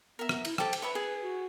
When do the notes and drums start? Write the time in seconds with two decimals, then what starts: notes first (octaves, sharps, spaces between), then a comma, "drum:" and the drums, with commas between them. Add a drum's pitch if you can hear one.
0.19 B3 A#4 E5
0.29 drum: rim click
0.45 E4, drum: cymbal
0.58 G4 A4 C5, drum: rim click
0.73 drum: cymbal
0.82 B4 C#5 E5 B5
0.95 G#4
1.22 F#4